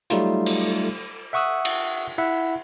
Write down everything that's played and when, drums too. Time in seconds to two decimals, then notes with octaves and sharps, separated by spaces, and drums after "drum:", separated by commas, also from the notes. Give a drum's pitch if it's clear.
0.10 F#3 G3 A3 D#4 F4, drum: hi-hat
0.46 drum: cymbal
1.33 E5 F#5 C#6 D#6 E6 F#6
1.65 drum: cymbal
2.18 E4 E5 F#5